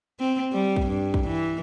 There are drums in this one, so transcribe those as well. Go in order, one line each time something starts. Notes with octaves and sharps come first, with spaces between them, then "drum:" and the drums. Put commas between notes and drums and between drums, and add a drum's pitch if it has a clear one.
C4
G3
drum: kick
G2
drum: kick
E3